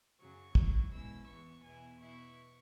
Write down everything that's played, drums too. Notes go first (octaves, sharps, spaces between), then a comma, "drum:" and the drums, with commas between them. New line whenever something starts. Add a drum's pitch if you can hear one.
F#2 C#3 F#3 C#6
G#2 F#3 E4, drum: kick
B2 G#3 C#4 E4 E6
E2 E3 B3 C#6
E2 B2 B3 E4 G#5
B2 B3 E4 C#6